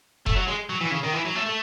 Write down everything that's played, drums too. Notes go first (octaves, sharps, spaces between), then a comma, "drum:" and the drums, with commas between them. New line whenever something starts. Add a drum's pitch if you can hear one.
A3, drum: kick F1
F#3
G#3
F#3
E3
C#3
D#3
E3
F#3
A3
A3